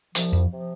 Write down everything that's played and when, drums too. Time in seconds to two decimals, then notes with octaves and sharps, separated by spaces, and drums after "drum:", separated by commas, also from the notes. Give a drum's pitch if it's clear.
0.15 C2 C3 F3, drum: hi-hat
0.33 F2
0.52 C3 F3